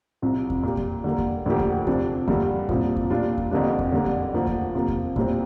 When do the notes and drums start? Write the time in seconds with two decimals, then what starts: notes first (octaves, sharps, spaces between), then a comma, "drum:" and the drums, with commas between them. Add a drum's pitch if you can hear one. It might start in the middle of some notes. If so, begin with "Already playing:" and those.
0.22 C2 C3 F3
0.50 drum: kick E2
0.63 A#2 A#3 G4
0.77 drum: kick E2
1.04 D3 G3 A#3
1.18 drum: kick E2
1.46 D2 D3 F3 A#3 G4
1.59 drum: kick E2
1.87 C3 F3 D4 F4, drum: kick E2
2.28 G2 D3 G3 A#3, drum: kick E2
2.69 C2 A#2 F3, drum: kick E2
2.97 drum: kick E2
3.10 A#2 G3 D4 F4
3.38 drum: kick E2
3.51 F2 D3 G3 A#3 D4
3.79 drum: kick E2
3.92 D3 G3 A#3 D4
4.06 drum: kick E2
4.34 D2 D3 F3 A#3
4.47 drum: kick E2
4.75 C3 F3 A#3
4.88 drum: kick E2
5.16 C2 A#2 G3 C4, drum: kick E2